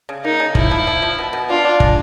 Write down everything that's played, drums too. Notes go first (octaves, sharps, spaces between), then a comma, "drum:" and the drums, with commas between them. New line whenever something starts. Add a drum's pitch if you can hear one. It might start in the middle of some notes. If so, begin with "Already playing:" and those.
C#3
A#3 D#4
C#3
F3 E4, drum: kick
F3
F3
F3
B2
B2
D4 F4
D4
G#3, drum: kick